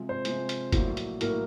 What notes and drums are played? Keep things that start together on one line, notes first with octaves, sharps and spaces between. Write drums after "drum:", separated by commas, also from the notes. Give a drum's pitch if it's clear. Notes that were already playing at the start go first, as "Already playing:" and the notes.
Already playing: C3 F3 G#3
C5
C3 F3 G#3, drum: hi-hat
drum: hi-hat
A#1 A2 F#3 A#3, drum: kick F#1, hi-hat
drum: hi-hat
A2 F#3 A#3 A#4, drum: hi-hat